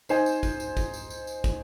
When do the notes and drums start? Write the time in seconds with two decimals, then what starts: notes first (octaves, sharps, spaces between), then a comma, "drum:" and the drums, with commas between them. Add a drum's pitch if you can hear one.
0.09 D#4 C5 G#5, drum: tambourine
0.26 drum: tambourine
0.43 drum: kick, tambourine
0.60 drum: tambourine
0.77 drum: kick, tambourine
0.94 drum: tambourine
1.10 drum: tambourine
1.27 drum: tambourine
1.44 drum: kick, tambourine